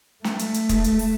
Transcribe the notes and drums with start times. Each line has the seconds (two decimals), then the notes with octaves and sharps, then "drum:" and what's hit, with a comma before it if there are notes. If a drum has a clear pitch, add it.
0.24 A3, drum: snare
0.39 drum: hi-hat
0.54 drum: hi-hat
0.69 drum: kick, hi-hat
0.84 drum: hi-hat
0.99 drum: open hi-hat